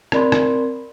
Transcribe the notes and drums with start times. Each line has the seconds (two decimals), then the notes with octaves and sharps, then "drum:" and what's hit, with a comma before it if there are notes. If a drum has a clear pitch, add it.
0.12 C4 A#4 D5 B5 C6, drum: rim click
0.32 drum: rim click